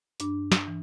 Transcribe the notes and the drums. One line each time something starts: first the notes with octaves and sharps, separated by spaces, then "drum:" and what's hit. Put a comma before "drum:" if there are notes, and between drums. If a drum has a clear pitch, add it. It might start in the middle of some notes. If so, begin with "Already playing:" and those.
G2 D4, drum: hi-hat
drum: snare
E3